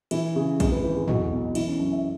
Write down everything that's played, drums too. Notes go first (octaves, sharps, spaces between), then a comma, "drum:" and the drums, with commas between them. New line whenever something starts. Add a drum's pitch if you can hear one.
E3 E4, drum: cymbal
C#3
G#1 G#4, drum: kick A#1, cymbal
B4
E3 B4
G#4
B1 F#4, drum: tom
B2
E3 E4, drum: cymbal
C#4
F#2 C#4
E5